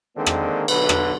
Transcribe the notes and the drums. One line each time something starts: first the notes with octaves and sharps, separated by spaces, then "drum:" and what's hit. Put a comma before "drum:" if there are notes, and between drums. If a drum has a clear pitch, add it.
D3 D#3 G#3 A#3 C4 D4
drum: rim click
B1 D3 B4, drum: cymbal
drum: rim click